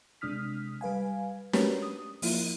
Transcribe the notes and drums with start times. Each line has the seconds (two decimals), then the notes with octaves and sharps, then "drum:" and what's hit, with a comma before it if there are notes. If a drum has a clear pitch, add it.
0.21 C3 G#3 D4 D#6 F6 B6
0.81 G3 B4 F5 G#5
1.53 C#4 F#4 G4 A#4 B4 C#5, drum: snare
1.82 D#6
2.22 F3 A#3 E4 F4, drum: open hi-hat